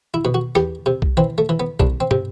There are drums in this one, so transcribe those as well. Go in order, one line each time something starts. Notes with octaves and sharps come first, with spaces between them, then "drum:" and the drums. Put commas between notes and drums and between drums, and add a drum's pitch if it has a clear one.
E4
B2
F#4
E2 G4, drum: rim click
C3
drum: kick B1
E3 C4
A3
E3
B3
C2 D4, drum: kick B1
C4
C3, drum: tom